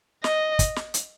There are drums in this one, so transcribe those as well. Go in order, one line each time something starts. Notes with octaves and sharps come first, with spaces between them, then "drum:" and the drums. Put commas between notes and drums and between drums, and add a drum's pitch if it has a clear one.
D#5, drum: snare
drum: kick, hi-hat
drum: snare
drum: hi-hat